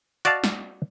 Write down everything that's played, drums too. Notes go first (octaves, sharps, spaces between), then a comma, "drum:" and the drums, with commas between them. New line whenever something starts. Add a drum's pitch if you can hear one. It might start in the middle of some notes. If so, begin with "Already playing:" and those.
F#4 D5 D#5 F5 A5, drum: hi-hat
drum: snare